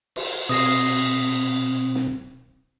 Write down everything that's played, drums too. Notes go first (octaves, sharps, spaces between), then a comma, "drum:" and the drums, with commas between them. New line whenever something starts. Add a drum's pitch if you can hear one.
drum: cymbal
B2 C4 D#6 A#6 C7, drum: cymbal
drum: snare